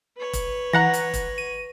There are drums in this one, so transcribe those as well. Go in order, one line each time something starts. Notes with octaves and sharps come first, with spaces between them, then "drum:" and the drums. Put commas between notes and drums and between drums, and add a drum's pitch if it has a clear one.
B4 C#5
drum: kick E1, hi-hat
E3 F#5 A#5 A#6
drum: hi-hat
drum: kick E1, hi-hat
D#7